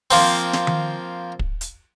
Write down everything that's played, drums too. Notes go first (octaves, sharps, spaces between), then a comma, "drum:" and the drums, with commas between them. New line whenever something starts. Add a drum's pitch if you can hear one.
F3 A#3 C4, drum: open hi-hat
drum: snare
drum: tom D#3
drum: kick
drum: hi-hat